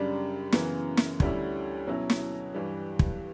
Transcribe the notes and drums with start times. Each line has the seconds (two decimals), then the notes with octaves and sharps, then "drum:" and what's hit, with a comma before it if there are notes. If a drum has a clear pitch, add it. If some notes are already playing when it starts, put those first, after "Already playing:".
Already playing: F#2 C#3 G3 D4
0.52 F#2 C#3 E3 B3, drum: snare
0.97 drum: snare
1.20 D2 D3 G3 C#4 E4, drum: kick
1.87 B2 F#3 C#4 E4
2.10 drum: snare
2.55 G2 E3 G3
2.99 drum: kick